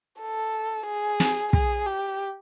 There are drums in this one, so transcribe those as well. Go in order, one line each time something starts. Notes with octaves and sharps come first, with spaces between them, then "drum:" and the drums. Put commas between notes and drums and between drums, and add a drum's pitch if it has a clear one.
A4
G#4
drum: snare
G#4, drum: kick
G4